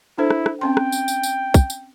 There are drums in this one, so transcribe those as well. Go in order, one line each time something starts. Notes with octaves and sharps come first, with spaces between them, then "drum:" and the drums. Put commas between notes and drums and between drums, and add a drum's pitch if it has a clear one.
D4 E4 A4 C5
drum: rim click
drum: rim click
C4 C#4 G5 C6
drum: rim click
drum: tambourine
drum: tambourine
drum: tambourine
drum: kick, tambourine
drum: tambourine